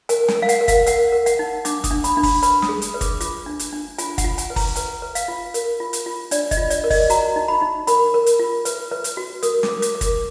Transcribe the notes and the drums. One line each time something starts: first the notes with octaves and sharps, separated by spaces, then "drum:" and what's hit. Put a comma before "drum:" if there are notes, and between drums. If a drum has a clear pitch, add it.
A#4 G#5, drum: hi-hat
G#5, drum: snare
A#4
F5
F#5, drum: hi-hat
A#4
F5, drum: kick, hi-hat
A#4 F#5, drum: hi-hat
A#4
F#5, drum: hi-hat
D#4
D4 D6, drum: hi-hat
D#6, drum: kick, hi-hat
D4
B5, drum: hi-hat
D4
B5, drum: kick, open hi-hat
B4 B5, drum: hi-hat
D#6, drum: snare
G#4
drum: hi-hat
B4
D6, drum: kick, hi-hat
F4 D6, drum: hi-hat
D4
drum: hi-hat
D4
F4 G#5, drum: hi-hat
F#5, drum: kick, hi-hat
F4
G#5, drum: hi-hat
B4
A#5, drum: kick, open hi-hat
B4 G#5, drum: hi-hat
B4
F5, drum: hi-hat
F4
A#4, drum: hi-hat
F4
drum: hi-hat
F4
D4 D5, drum: hi-hat
D#5, drum: kick, hi-hat
F4
D5, drum: hi-hat
A#4
D#5, drum: kick, open hi-hat
F#4 A#5, drum: hi-hat
D#4
B5
D#4
A#4 B5, drum: hi-hat
A#4
drum: hi-hat
F4
B4, drum: hi-hat
B4
drum: hi-hat
F#4
A#4 D#6, drum: hi-hat
D6, drum: snare
A#4
D6, drum: hi-hat
A#4
D6, drum: kick, hi-hat